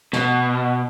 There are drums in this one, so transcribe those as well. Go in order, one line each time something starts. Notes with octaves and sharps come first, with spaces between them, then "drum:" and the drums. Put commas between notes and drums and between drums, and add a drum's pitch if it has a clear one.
B2, drum: snare